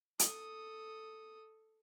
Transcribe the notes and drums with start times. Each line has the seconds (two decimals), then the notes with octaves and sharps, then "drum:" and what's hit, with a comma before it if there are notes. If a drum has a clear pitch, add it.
0.19 A4 D#6, drum: hi-hat